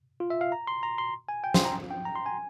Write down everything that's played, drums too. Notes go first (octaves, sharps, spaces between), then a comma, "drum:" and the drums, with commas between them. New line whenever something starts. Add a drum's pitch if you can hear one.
F4
E5
F5
A#5
C6
A#5
C6
G#5
G5
C6, drum: snare
A#5
G5
A#5
C6
G#5